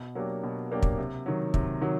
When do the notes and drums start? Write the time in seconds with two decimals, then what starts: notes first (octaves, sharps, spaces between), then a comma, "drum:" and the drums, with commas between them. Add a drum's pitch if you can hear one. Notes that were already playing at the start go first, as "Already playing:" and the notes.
Already playing: B2
0.15 F#3 A#3 D4 G4
0.43 B2
0.71 F#3 A#3 D4 G4
0.82 drum: kick
0.98 C3
1.26 D#3 F#3
1.54 C3, drum: kick
1.81 D#3 F#3